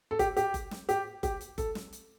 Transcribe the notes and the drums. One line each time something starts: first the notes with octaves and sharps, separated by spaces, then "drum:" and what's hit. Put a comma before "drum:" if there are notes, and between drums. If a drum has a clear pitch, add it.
A4
G4, drum: kick F#1, hi-hat
G4, drum: hi-hat
drum: kick F#1, hi-hat
drum: snare
G4, drum: hi-hat
G4, drum: kick F#1, hi-hat
drum: hi-hat
A4, drum: kick F#1, hi-hat
drum: snare
drum: hi-hat